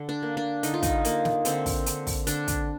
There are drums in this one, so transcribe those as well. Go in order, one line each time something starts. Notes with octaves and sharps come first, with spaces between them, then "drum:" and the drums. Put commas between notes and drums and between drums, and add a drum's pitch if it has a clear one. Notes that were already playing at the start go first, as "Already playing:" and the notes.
Already playing: D3
D4
A#3
D4
D3 D#4, drum: hi-hat
F4
D#4, drum: kick, hi-hat
A#3, drum: hi-hat
drum: snare
D3 C4, drum: hi-hat
drum: kick, open hi-hat
D3, drum: hi-hat
drum: kick, open hi-hat
D3 D4, drum: hi-hat
drum: kick, hi-hat